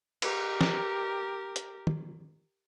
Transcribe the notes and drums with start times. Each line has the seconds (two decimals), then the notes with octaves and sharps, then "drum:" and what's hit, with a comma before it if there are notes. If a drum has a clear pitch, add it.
0.22 G4 A#4, drum: cymbal
0.61 drum: snare
1.56 drum: hi-hat
1.87 drum: tom